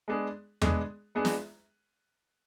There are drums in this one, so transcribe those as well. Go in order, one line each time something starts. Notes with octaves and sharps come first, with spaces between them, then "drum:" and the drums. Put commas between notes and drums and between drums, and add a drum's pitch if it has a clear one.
G#3 B3 D4 G#4
G#3 B3 D4 G#4, drum: tom E2
G#3 B3 D4 G#4
drum: snare